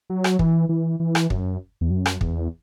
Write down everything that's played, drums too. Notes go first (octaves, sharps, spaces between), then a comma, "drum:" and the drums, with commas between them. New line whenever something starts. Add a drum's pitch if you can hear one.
F#3
drum: rim click
E3, drum: kick
E3
E3
drum: rim click
F#2, drum: kick
E2
F#2
drum: rim click
E2, drum: kick